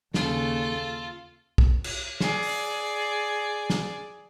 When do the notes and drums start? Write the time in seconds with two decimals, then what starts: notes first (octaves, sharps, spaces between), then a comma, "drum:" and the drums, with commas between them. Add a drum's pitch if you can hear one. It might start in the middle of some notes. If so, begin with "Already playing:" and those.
0.14 D#2 C#3 F4 A4, drum: snare
1.58 drum: kick
1.84 drum: cymbal
2.20 G#4 D5, drum: snare
2.43 drum: open hi-hat
3.70 drum: snare